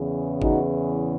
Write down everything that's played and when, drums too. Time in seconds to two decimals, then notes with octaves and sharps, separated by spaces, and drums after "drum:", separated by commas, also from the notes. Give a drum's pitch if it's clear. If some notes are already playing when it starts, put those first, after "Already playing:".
Already playing: E2 C#3 E3
0.42 D#4 F#4, drum: kick G#1